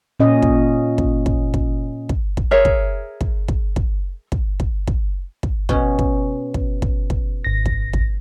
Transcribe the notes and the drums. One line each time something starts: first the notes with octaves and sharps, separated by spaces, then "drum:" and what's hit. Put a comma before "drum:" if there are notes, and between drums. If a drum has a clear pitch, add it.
A#2 C#4 D#5
drum: kick
drum: kick
drum: kick
drum: kick
drum: kick
drum: kick
G#4 A#4 C#5 E5
drum: kick
drum: kick
drum: kick
drum: kick
drum: kick
drum: kick
drum: kick
drum: kick
B2 C#4, drum: kick
drum: kick
drum: kick
drum: kick
drum: kick
G#1 A#6
drum: kick
drum: kick